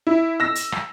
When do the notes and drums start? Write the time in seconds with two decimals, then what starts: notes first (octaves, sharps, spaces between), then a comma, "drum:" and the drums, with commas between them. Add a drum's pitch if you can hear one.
0.07 E4
0.40 E6 A#6
0.55 drum: hi-hat
0.72 drum: rim click